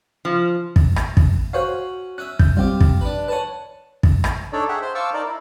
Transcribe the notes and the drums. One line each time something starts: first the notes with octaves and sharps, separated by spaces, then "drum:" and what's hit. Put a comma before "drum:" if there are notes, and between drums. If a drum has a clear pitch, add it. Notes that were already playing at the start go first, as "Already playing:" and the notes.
F3
drum: kick
drum: rim click
drum: kick
C#4 F#4 C5 C#5 F5
C#4 E5 F#6
G6, drum: kick
G3 C4 F4 G4
drum: kick
D4 B4
B4 C#5 F#5 G#5 A5
drum: kick
drum: rim click
D4 D#4 A4 C#5 D5
G#4 E5 F#5 G5
C5
C5 F5 A5 C#6 D6 E6
D#4 A#4 D5
E4